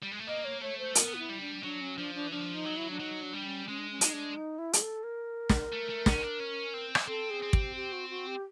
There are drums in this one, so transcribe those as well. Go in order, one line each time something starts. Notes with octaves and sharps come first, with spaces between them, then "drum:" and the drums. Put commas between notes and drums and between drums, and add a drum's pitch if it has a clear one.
G3
G#3
A3
A#3 D#5
C#5
A3 C#5
C5
B3 A#4, drum: hi-hat
F4
E4
G3
D4
F#3 D4
C#4
F3 D4
D4
E3
F3 D4
D#4
F#3
E4
D4
F#3 D#4
D4
G3
C#4
G#3 C#4
D4
C#4
G#3 D#4, drum: hi-hat
D4
D#4
E4
G#4, drum: hi-hat
A4
A#4
drum: snare
A3
A3
C#4, drum: snare
D4
C#4
C4
drum: rim click
C4 A4
G#4
C4
G4, drum: kick
G4
F#4
F#4
G4